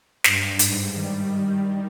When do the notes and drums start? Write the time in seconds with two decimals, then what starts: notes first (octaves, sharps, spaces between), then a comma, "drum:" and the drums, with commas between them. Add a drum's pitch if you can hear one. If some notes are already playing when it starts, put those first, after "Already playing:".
0.24 G2, drum: snare
0.59 G#2, drum: hi-hat
0.94 D#3 G3